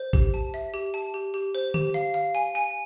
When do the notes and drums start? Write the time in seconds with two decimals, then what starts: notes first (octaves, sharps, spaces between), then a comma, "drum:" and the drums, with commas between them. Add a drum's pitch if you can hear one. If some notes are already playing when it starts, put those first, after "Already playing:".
Already playing: C5
0.13 G4, drum: kick
0.34 A5
0.54 E5
0.74 G4
0.94 A5
1.14 G4
1.34 G4
1.55 C5
1.74 G4, drum: tom D3
1.94 F5
2.14 F5
2.35 G#5
2.55 G#5